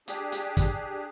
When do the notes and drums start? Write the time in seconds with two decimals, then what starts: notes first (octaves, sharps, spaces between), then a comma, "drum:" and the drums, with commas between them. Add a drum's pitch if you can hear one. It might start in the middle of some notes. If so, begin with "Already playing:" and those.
0.08 D4 G4 G#4, drum: hi-hat
0.32 drum: hi-hat
0.57 drum: kick, hi-hat